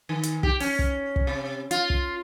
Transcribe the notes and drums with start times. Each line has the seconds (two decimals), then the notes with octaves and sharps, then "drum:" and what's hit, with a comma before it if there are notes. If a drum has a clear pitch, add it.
0.09 D#3
0.23 drum: hi-hat
0.43 G4, drum: kick
0.60 C#4, drum: open hi-hat
0.79 drum: kick
1.16 drum: kick
1.27 C3
1.71 F4, drum: hi-hat
1.90 drum: kick